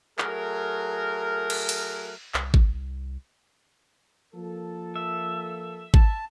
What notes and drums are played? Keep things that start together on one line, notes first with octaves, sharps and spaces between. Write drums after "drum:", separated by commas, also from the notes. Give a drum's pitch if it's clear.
F#3 A3 G#4 A#4, drum: clap
drum: cymbal
drum: cymbal
C2, drum: clap
drum: kick G#1
F3 A#3 A4
E5
A5, drum: kick G#1